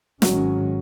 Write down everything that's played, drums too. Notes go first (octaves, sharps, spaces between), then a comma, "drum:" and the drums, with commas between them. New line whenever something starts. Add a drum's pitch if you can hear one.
G#1 G#2 D#3 F#3 G#3 C#4, drum: snare